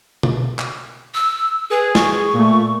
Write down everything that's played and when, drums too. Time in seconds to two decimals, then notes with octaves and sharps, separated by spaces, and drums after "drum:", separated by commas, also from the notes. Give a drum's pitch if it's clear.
0.23 drum: tom B2
0.59 drum: clap
1.14 E6
1.70 G#4 B4
1.95 C#6, drum: snare
2.34 A#2 A3